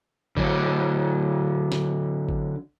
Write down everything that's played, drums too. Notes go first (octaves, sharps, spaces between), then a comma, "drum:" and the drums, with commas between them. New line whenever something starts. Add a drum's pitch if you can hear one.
D3 F#3, drum: kick
drum: snare
drum: kick